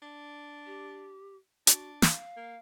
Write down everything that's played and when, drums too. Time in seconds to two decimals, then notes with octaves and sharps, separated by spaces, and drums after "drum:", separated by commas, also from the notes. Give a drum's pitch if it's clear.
0.02 D4
0.66 G4
1.67 D4 F#4, drum: hi-hat
2.02 F5, drum: snare
2.36 A#3